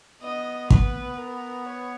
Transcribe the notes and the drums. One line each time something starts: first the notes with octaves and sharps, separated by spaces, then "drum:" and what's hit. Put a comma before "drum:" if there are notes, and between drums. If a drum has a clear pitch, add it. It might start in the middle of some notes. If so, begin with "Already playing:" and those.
B3 D#5
B4, drum: kick
A#4
C#5